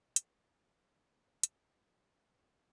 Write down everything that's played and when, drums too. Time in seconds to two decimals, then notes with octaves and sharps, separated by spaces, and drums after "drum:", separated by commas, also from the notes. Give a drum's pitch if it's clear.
0.16 C#2 A2 F3 C#4 D#4 F#4 F5, drum: hi-hat
1.43 drum: hi-hat